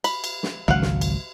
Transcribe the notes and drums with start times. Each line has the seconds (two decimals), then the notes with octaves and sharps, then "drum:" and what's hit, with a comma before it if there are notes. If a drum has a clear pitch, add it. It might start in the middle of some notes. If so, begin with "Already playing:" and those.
0.04 B5, drum: cymbal
0.24 drum: cymbal
0.43 drum: snare
0.68 G#1 C#2 F#3 F5 F#5
0.82 drum: snare
1.01 drum: cymbal